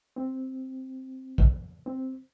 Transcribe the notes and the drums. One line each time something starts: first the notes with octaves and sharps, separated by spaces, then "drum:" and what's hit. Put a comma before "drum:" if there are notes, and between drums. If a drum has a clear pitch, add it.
C4
drum: kick
C4